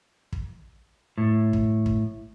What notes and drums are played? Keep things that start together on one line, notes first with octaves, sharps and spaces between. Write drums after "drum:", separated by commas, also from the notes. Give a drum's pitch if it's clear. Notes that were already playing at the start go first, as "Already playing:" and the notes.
drum: kick
A2
drum: kick
drum: kick